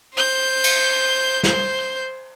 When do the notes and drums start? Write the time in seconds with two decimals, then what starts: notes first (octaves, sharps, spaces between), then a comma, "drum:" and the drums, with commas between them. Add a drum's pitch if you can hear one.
0.14 C5 G6
0.64 drum: cymbal
1.43 C5 G6, drum: snare